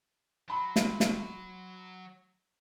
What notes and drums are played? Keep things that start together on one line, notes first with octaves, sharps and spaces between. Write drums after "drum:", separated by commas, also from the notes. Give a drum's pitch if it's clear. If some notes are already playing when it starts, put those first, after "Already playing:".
F#3 A5 B5 C6
drum: snare
drum: snare